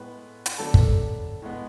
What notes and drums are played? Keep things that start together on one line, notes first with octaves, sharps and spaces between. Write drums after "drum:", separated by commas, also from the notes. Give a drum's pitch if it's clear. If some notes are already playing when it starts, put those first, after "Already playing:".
Already playing: A2 G#3 B3 B4
drum: hi-hat
D3 F#3 B3 D4 A4 A5
drum: kick
A2 G#3 B3